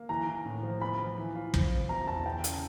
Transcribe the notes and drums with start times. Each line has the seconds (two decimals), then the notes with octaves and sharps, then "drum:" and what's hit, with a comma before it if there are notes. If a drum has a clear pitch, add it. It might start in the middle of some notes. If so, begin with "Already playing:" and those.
Already playing: A#3
0.09 E3 A#5
0.27 E3
0.46 A2
0.63 F3
0.81 B3 B5
0.99 F3
1.18 E3
1.35 F4
1.54 F3, drum: kick
1.71 C4
1.89 B2 A#5
2.07 E2 A5
2.26 E3 G5
2.44 C#3, drum: hi-hat